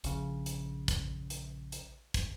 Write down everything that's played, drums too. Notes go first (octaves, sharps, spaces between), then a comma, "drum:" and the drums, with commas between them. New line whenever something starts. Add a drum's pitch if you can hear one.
A#1 C#3, drum: hi-hat
drum: hi-hat
drum: kick, hi-hat
drum: hi-hat
drum: hi-hat
drum: kick, hi-hat